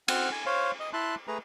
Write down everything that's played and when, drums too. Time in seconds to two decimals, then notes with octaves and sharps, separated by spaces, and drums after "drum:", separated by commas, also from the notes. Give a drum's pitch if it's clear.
0.08 C4 F#5 F6, drum: cymbal
0.32 G#5
0.46 C5 C#5 F5
0.80 D#5
0.93 E4 E5 A5 C6 F#6
1.28 A3 G#4 B4 A#5